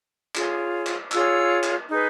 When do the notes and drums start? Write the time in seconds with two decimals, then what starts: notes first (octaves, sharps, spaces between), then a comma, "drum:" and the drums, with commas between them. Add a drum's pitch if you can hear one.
0.35 F4 G#4 C#5, drum: clap
0.87 drum: clap
1.12 F4 G#4 C#5 E6, drum: clap
1.64 drum: clap
1.89 D#4 G#4 B4